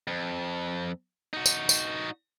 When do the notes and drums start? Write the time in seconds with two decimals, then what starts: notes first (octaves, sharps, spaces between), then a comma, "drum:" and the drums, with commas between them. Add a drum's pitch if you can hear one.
0.07 F2
1.33 D#4 F#4
1.46 drum: tambourine
1.69 drum: tambourine